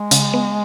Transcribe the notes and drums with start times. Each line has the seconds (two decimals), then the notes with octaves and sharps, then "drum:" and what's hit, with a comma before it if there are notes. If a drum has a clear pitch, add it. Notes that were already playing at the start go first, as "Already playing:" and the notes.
Already playing: G#3
0.11 C#3, drum: hi-hat
0.34 B3